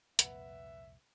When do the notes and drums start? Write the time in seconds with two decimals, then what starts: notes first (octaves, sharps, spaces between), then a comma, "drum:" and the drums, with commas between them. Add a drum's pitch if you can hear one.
0.19 C2 F2 A#2 B4 E5 F#5, drum: hi-hat